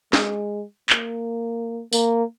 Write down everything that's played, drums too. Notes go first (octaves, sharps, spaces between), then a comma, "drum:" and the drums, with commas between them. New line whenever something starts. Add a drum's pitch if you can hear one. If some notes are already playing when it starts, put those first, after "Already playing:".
G#3, drum: snare
A#3, drum: clap
A#3, drum: tambourine